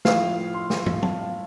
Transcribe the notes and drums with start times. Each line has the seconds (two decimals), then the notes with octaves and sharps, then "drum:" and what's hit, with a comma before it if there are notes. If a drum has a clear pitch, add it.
0.05 A2 F3 F5, drum: snare
0.54 C6
0.70 drum: snare
0.86 drum: tom
1.03 A5, drum: tom F#3
1.19 F5